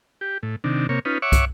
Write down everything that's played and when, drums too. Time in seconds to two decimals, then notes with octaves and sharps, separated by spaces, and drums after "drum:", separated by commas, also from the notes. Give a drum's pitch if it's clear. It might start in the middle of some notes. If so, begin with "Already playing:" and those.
0.21 G4
0.43 A2
0.64 C3 D#3 D4
0.89 C3 A#3 C#5
1.05 C#4 D#4 F4 B4
1.22 C#5 E5 F#5 C#6 D6
1.32 drum: kick, hi-hat